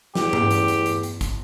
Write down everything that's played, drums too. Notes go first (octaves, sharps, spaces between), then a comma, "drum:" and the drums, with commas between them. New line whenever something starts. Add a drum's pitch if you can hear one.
E2 G4, drum: snare
drum: tom
drum: hi-hat
drum: hi-hat
drum: hi-hat
drum: hi-hat
drum: kick, hi-hat